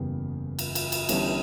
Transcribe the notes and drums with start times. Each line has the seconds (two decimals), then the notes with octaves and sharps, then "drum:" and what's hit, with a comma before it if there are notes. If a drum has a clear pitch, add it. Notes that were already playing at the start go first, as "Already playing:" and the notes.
Already playing: F#1 E2 C#3 G3 B3
0.59 drum: cymbal
0.75 drum: cymbal
0.92 drum: cymbal
1.09 G1 G2 E3 G3 C#4, drum: cymbal